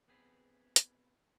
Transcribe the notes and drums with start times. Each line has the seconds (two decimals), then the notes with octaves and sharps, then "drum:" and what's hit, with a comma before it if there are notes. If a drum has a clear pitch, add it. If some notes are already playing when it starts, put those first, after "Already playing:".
0.08 B3 C4 G#4 B4
0.76 drum: hi-hat